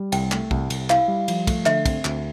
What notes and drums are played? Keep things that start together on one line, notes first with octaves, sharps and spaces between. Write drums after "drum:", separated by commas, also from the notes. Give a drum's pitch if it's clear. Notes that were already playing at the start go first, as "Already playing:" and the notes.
Already playing: G3
C2 G5, drum: cymbal
A3, drum: clap
C2, drum: kick
C2, drum: cymbal
E4 F5, drum: clap
G3
F3, drum: cymbal
A3, drum: kick, cymbal
D3 E5, drum: clap
C4, drum: kick, cymbal
D2, drum: clap